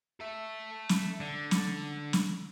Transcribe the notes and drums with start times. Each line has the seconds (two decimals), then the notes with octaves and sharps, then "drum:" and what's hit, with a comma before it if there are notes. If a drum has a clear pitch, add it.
0.20 A4 E5
0.89 drum: snare
1.20 D3
1.51 drum: snare
2.13 drum: snare